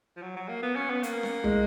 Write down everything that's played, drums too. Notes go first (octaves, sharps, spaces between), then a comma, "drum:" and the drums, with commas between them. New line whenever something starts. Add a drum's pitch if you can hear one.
F3
F#3
F#3
A#3
B3
C#4
B3
A#3, drum: hi-hat
drum: snare C#4
G#3, drum: tom